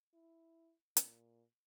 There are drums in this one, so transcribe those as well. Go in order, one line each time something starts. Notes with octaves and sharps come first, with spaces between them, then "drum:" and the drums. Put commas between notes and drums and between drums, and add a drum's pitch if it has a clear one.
E4
A#2, drum: hi-hat